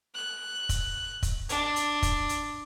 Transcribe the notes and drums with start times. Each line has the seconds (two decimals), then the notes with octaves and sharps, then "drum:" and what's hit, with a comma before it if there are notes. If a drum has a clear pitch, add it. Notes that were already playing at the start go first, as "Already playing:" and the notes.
0.15 F#6
0.69 drum: kick, hi-hat
1.23 drum: kick, hi-hat
1.49 D4, drum: hi-hat
1.76 drum: hi-hat
2.02 drum: kick, hi-hat
2.29 drum: hi-hat